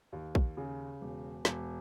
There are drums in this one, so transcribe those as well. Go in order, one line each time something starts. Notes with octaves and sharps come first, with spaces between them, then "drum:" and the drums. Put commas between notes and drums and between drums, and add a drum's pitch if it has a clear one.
D#2
drum: kick A#1
C#3
E1
E1, drum: snare